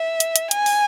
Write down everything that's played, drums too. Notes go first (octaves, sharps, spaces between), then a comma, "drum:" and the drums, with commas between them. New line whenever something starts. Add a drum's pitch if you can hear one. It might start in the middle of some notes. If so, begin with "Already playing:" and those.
Already playing: E5
drum: hi-hat
drum: hi-hat
G#5, drum: hi-hat
drum: open hi-hat